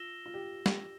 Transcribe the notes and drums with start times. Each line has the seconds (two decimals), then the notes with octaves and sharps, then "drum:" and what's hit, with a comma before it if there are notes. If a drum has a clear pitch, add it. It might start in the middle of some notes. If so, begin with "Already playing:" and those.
Already playing: F4 E6 A#6 E7 G7
0.26 F4
0.34 G4
0.66 G4, drum: snare